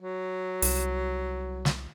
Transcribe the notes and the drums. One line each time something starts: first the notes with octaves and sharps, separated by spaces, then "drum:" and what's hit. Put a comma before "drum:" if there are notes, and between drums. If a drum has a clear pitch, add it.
F#3
C2, drum: open hi-hat
drum: snare